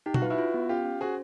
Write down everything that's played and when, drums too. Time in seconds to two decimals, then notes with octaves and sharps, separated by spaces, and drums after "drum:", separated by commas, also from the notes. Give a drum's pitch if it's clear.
0.06 D#4 G4
0.14 F#4, drum: tom B2
0.22 F4 B4
0.30 E4 F#4
0.39 F4
0.54 B3
0.69 C#4 F4 G4
0.85 C#4
1.01 F#4 G#4 C5